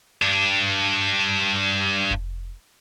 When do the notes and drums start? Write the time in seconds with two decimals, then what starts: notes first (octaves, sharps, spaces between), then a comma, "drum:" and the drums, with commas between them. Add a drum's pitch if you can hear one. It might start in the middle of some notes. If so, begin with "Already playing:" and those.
0.22 G2 D4
2.11 drum: kick F1